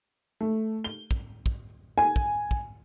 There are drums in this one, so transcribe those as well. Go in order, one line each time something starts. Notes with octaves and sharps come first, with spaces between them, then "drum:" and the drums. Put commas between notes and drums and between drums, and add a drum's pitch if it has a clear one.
A3
G7
drum: kick
drum: kick
G#5
drum: kick
drum: kick